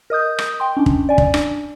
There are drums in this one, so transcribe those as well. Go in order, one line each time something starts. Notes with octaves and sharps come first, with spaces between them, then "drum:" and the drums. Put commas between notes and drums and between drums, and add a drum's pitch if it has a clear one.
A#4 D#5 D#6 G6
drum: rim click
G5 C6
C#4 D4
drum: kick
D5 G#5
drum: kick
D4, drum: rim click